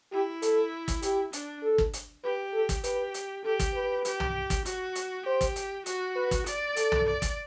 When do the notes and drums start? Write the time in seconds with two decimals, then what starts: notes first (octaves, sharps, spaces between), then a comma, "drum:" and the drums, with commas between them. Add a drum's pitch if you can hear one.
0.13 E4 G4
0.42 A4, drum: hi-hat
0.88 drum: kick, hi-hat
1.02 G4, drum: hi-hat
1.33 D4, drum: hi-hat
1.63 A4
1.78 drum: kick
1.93 drum: hi-hat
2.24 G4 B4
2.53 A4
2.69 drum: kick, hi-hat
2.84 G4 B4, drum: hi-hat
3.14 drum: hi-hat
3.44 G4 A4
3.60 drum: kick, hi-hat
3.75 B4
4.05 G4, drum: hi-hat
4.20 drum: tom
4.50 drum: kick, hi-hat
4.66 F#4, drum: hi-hat
4.95 drum: hi-hat
5.26 G4 C5
5.41 drum: kick, hi-hat
5.56 drum: hi-hat
5.86 F#4, drum: hi-hat
6.16 B4
6.31 drum: kick, hi-hat
6.46 D5, drum: hi-hat
6.76 A4, drum: hi-hat
6.92 drum: tom
7.07 D5
7.22 drum: kick, hi-hat